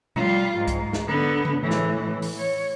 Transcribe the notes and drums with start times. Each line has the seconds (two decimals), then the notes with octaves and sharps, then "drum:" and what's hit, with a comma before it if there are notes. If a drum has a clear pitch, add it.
0.16 G3 F4, drum: tom B2
0.58 G#2
0.68 drum: kick C2, hi-hat
0.93 drum: snare
1.08 D3 B3
1.45 drum: tom C#3
1.58 A2 E3
1.71 drum: snare
2.22 drum: open hi-hat
2.38 C#5